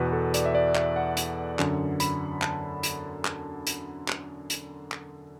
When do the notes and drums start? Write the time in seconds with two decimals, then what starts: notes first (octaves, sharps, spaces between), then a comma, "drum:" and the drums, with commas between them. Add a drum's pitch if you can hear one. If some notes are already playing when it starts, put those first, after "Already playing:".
Already playing: E2 B2 B4
0.13 A4
0.34 D5, drum: hi-hat
0.46 E5
0.55 D5
0.75 E5, drum: clap
0.96 F#5
1.17 drum: hi-hat
1.59 F#2 D3, drum: clap
2.00 B5, drum: hi-hat
2.42 A5, drum: clap
2.83 drum: hi-hat
3.25 drum: clap
3.67 drum: hi-hat
4.08 drum: clap
4.50 drum: hi-hat
4.92 drum: clap